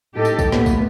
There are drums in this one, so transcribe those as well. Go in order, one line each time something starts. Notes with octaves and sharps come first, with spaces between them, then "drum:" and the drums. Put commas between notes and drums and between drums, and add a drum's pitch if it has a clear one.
A2 D#4 G4 A4
drum: tambourine
drum: kick, tambourine
A#2 A3 B3, drum: snare
drum: kick, tambourine